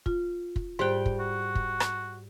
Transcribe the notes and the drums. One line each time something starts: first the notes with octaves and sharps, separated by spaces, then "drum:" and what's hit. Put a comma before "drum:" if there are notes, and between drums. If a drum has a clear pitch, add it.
F4, drum: kick
drum: kick
G#2 G3 C5 G5 F#6
drum: kick
F#4
drum: kick
drum: rim click